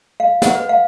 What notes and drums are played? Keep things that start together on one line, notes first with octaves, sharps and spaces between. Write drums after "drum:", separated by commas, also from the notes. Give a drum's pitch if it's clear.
F5
F#5, drum: snare
B4
F5